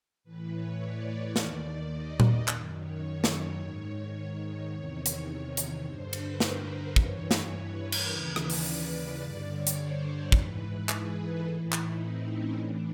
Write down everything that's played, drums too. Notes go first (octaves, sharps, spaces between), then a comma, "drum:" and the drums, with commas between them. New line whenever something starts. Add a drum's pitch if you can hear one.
A2 E3 B4
C#5
D5
C#5
D#2 D#3 D5, drum: snare
D5
D#5
D#5, drum: tom A#2
F#2 D#3, drum: clap
C#5
drum: snare
G#2 D#3 C#5
C#5
E2 C3 D#3
drum: hi-hat
drum: hi-hat
G2 D3 C5
B4, drum: cymbal
A#4, drum: snare
C5
G2 E3 C#5, drum: kick
drum: snare
B4
A#4
drum: cymbal
D#2 C#3 E3 B4
D5, drum: rim click
drum: open hi-hat
D5
G2 D3 D5
C#5
drum: hi-hat
C5
G#2 E3 B4, drum: kick
G#4, drum: clap
A4
A2 E3 E4
D#4, drum: clap
C4
C#4
A2 E3 D4